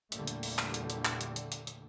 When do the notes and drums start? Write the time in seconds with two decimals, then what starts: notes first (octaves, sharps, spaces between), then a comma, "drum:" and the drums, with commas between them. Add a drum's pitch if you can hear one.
0.12 E2 A#2 D3 G3 A3, drum: hi-hat
0.27 drum: hi-hat
0.43 drum: open hi-hat
0.59 drum: clap
0.74 drum: hi-hat
0.90 drum: hi-hat
1.05 drum: clap
1.21 drum: hi-hat
1.36 drum: hi-hat
1.52 drum: hi-hat
1.67 drum: hi-hat